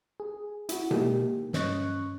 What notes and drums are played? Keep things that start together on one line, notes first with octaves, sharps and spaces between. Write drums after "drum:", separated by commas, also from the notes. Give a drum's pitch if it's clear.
G#4
E4 F#4, drum: hi-hat
G#3 A#3 D#4 G4, drum: tom B2
G2 C#4 D#5 C#6 F#6, drum: snare